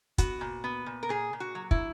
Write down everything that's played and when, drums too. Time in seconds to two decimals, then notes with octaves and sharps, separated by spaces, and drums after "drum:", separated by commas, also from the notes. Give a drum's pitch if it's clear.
0.18 B3 F#4, drum: kick, hi-hat
0.41 A#2
0.64 B3
0.86 A#2
1.03 A#4
1.09 A#2 G#4
1.33 A#2
1.40 F#4
1.55 F#3
1.71 E4, drum: kick